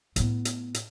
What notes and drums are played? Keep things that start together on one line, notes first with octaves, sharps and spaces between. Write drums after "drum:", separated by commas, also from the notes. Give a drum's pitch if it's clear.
A2 B3, drum: hi-hat
drum: hi-hat
drum: hi-hat